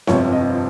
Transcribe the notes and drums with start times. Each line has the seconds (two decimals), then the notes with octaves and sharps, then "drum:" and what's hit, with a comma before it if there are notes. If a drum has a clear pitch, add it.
0.07 G1 F2 C3 C#5, drum: snare C4
0.32 D#5